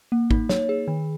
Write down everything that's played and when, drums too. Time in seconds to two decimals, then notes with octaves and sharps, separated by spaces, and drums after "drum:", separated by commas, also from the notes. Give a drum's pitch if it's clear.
0.12 A#3
0.31 D#4, drum: kick G#1
0.49 C#5, drum: snare
0.69 G#4
0.88 D#3